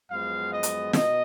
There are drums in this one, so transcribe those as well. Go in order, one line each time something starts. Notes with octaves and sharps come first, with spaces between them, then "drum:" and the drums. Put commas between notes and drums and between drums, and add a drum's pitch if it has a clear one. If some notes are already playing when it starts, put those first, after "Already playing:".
F#2 F3 G#3 B3 F5
D#5
drum: hi-hat
B2 D#5, drum: snare